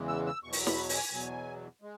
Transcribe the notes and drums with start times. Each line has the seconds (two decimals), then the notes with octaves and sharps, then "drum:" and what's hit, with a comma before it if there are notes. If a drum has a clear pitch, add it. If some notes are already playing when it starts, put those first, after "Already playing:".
Already playing: E2 C#3 E3 G#3
0.08 E6
0.26 E6
0.43 E2 B2 F#3 C#6
0.53 drum: open hi-hat
0.67 B5, drum: snare
0.89 G#5, drum: open hi-hat
1.12 E2 B2 F#3
1.82 G#3